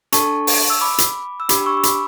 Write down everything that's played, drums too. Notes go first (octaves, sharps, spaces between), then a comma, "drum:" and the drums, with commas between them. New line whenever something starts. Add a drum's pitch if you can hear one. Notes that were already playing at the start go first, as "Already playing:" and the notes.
D4 A4 A5 C#6, drum: hi-hat
drum: open hi-hat
E6
B5 D6
drum: hi-hat
E6
D4 G4 B5 D6, drum: hi-hat
C#6 E6
E6
B5 D6, drum: hi-hat